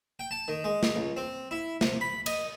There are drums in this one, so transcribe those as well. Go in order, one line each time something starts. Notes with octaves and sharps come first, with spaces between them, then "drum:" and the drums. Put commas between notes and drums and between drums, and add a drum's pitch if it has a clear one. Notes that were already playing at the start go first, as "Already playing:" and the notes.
G5
A5
D#3
G#3
drum: snare
C#2
C4
E4
C3, drum: snare
B5
D#5, drum: cymbal